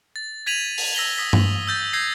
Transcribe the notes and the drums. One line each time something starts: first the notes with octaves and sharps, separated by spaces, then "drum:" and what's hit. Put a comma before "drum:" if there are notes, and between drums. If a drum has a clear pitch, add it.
A6
G#6 B6 D#7 F7 F#7
drum: open hi-hat
E6 A#6 B6 F#7 G7
D#6 A#6 B6
drum: tom G2
E6 G6 A6
E6 G6 G#6 A#6 C7